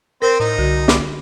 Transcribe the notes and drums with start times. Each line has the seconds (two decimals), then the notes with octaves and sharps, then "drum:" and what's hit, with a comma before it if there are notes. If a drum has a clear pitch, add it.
0.22 C4 A#4 C5
0.40 A2 D#4
0.58 C2 D3 F#4
0.88 B5 C6 D6, drum: snare